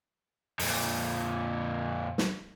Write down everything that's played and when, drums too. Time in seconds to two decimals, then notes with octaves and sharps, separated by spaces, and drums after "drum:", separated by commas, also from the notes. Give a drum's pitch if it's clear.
0.59 F2 A#2, drum: open hi-hat
2.18 drum: snare